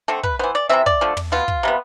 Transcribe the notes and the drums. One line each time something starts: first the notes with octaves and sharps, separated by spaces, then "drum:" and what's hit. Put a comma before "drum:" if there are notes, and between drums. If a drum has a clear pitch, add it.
D3 A3 C4 A4
B4, drum: kick
E3 B3 C5
D5
C3 E3 A3 C4 E5
D5, drum: kick
D3 F3 A3
drum: tom
B2 B3 F4
drum: kick
C3 G3 B3